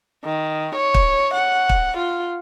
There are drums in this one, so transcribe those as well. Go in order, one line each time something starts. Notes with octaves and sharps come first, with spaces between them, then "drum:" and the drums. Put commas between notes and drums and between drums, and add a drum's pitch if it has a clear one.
D#3
C#5
drum: kick
F#5
drum: kick
F4